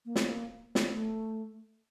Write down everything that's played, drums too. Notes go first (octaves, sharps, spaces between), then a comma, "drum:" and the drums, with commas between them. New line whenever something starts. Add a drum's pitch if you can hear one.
A#3
C4, drum: snare
A#3
drum: snare
A3